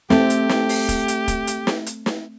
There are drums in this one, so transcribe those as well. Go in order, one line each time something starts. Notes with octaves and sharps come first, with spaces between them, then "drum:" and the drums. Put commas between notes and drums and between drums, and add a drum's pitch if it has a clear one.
A3 C4 G4, drum: snare
drum: hi-hat
drum: snare
drum: open hi-hat
drum: kick, hi-hat
drum: hi-hat
drum: kick, hi-hat
drum: hi-hat
drum: snare
drum: hi-hat
drum: snare